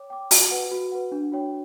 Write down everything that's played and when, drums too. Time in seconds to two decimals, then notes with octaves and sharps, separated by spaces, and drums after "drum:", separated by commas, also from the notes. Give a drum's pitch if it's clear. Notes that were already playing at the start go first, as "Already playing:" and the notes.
Already playing: C#5 G5 D6
0.10 G5 D6
0.31 F#4, drum: open hi-hat
0.51 B4 F#5
0.72 F#4
0.92 B4 F#5
1.12 D4
1.32 F#4 C#5 G5